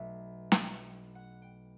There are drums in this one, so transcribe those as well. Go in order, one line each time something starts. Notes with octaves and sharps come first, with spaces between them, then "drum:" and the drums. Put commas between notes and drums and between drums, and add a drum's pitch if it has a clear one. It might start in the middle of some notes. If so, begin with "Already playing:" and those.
Already playing: B1 B2 A3 E5
drum: snare
F#5
G5